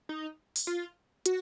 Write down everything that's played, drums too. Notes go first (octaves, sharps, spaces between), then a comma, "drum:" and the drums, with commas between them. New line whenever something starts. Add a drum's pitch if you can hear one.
D#4
drum: open hi-hat
F4
F#4, drum: hi-hat